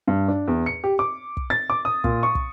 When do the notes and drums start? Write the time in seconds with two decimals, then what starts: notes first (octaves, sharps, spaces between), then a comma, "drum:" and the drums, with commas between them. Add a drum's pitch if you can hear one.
0.07 G2
0.28 D4
0.48 E2
0.66 C#7
0.84 G4
0.99 D6
1.37 drum: kick
1.50 A6
1.70 D6
1.85 D#6
2.04 A#2, drum: kick
2.23 C#6
2.35 drum: kick